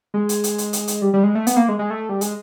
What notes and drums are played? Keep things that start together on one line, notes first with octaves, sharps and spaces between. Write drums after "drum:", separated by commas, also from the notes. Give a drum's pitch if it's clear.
G#3
drum: hi-hat
drum: hi-hat
drum: hi-hat
drum: hi-hat
drum: hi-hat
G3
G3
G#3
A3
B3, drum: hi-hat
A#3
G#3
G#3
A3
G3
G#3, drum: hi-hat